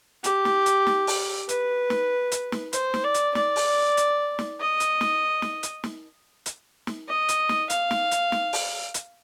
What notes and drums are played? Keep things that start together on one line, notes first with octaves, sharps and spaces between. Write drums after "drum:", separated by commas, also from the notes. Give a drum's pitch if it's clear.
G4, drum: hi-hat
drum: snare
drum: hi-hat
drum: snare
drum: open hi-hat
B4, drum: hi-hat
drum: snare
drum: hi-hat
drum: snare
C5, drum: hi-hat
drum: snare
D5
drum: hi-hat
D5, drum: snare
drum: open hi-hat
drum: hi-hat
drum: snare
D#5
drum: hi-hat
drum: snare
drum: snare
drum: hi-hat
drum: snare
drum: hi-hat
drum: snare
D#5
drum: hi-hat
drum: snare
F5, drum: hi-hat
drum: snare
drum: hi-hat
drum: snare
drum: open hi-hat
drum: hi-hat